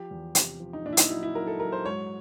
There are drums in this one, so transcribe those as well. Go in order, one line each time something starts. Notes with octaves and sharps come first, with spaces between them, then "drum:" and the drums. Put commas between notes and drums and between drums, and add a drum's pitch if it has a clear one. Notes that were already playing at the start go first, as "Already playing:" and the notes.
Already playing: F3 G4
E2
C3, drum: hi-hat
F3
D#4
A#2 D4
E4
D#4, drum: hi-hat
F#3 E4
E4
F#3 A#4
A4
F#3 A#4
C5
G#2 C#5